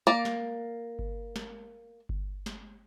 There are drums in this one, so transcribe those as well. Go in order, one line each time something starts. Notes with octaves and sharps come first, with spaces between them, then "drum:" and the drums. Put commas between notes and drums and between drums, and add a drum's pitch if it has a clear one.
A#3 D5
drum: snare
drum: kick G1
drum: snare
drum: kick G1
drum: snare